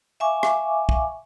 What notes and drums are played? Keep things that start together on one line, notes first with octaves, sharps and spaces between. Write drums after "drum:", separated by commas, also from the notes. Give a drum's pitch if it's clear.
E5 F5 G#5 C#6 D6
drum: rim click
drum: kick